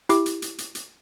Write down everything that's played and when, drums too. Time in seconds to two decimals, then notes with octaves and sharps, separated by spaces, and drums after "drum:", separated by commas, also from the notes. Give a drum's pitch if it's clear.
0.09 E4 G4 D6, drum: hi-hat
0.26 drum: hi-hat
0.42 drum: hi-hat
0.58 drum: hi-hat
0.75 drum: hi-hat